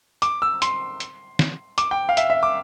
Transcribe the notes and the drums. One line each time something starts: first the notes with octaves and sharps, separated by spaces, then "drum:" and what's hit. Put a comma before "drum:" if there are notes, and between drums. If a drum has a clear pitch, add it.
D6, drum: hi-hat
E6
C6, drum: hi-hat
drum: hi-hat
drum: snare
D6, drum: hi-hat
G5
F5
E5, drum: hi-hat
E5
D6